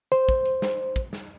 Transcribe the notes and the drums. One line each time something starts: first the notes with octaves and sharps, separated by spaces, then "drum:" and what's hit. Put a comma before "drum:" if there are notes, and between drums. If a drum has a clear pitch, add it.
C5, drum: hi-hat
drum: kick, hi-hat
drum: hi-hat
drum: snare
drum: kick, hi-hat
drum: snare